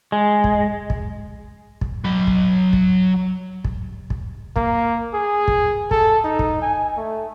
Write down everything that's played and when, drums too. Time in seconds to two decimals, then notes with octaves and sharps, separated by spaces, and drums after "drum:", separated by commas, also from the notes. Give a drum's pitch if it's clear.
0.12 G#3
0.44 drum: kick
0.90 drum: kick
1.81 drum: kick
2.04 F#3 B5
2.27 drum: kick
2.73 drum: kick
3.65 drum: kick
4.10 drum: kick
4.56 A#3, drum: kick
5.14 G#4
5.48 drum: kick
5.91 A4, drum: kick
6.24 D#4
6.39 drum: kick
6.62 G#5
6.97 A3